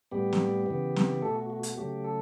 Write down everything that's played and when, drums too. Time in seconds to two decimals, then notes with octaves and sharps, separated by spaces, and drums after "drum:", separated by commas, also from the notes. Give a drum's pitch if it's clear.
0.11 A2 G3 B3 G4
0.33 drum: snare
0.66 C#3 E3 B3
0.96 drum: snare
1.22 B2 A3 A4
1.35 F#4
1.50 F#4
1.63 F#4, drum: hi-hat
1.77 C#3 F#3 A3 G4
2.04 A4